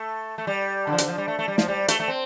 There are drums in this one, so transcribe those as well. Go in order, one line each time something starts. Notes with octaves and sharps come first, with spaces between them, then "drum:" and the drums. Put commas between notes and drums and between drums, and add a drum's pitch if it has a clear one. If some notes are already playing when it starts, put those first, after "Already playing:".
Already playing: A3
A3
G3
D3
F3
D3, drum: hi-hat
F3
G3
A3
A3
G3
F3, drum: snare
G3
A3, drum: hi-hat
A3
C4